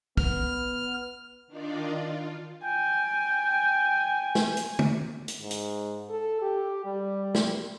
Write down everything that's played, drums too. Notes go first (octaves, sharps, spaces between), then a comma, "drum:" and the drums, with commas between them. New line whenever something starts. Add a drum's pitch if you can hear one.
B3 F6, drum: kick
D#3 D4 D#4 F4 D5
F4
G5 G#5
drum: snare
drum: hi-hat
drum: tom
drum: hi-hat
G#2
drum: hi-hat
A4
G4
G3
drum: snare